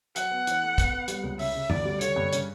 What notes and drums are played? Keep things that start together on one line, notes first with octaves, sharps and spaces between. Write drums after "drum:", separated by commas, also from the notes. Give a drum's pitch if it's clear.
F#3 F#5, drum: hi-hat
B3
E3, drum: hi-hat
A3
B3, drum: kick, hi-hat
B3
G3, drum: hi-hat
C#2
C#3 E5, drum: open hi-hat
C#3
D2 D5, drum: tom G2
G3
D3 C#5, drum: hi-hat
G2
C#3, drum: hi-hat